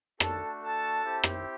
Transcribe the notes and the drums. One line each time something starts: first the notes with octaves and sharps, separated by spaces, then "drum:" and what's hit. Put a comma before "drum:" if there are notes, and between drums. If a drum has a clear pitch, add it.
A3 D4 F#4 A4 A5, drum: rim click
A4 A5
C4 E4 G4
drum: rim click